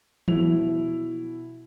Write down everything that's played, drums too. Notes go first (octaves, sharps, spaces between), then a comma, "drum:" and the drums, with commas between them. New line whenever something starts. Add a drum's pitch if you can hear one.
B2 E4 F7, drum: tom E3